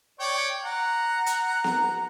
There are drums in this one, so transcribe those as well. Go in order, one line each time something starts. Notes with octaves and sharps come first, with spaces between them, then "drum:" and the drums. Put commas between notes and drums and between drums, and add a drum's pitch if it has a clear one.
C#5 D5 G5
F#5 A#5
drum: hi-hat
drum: snare B3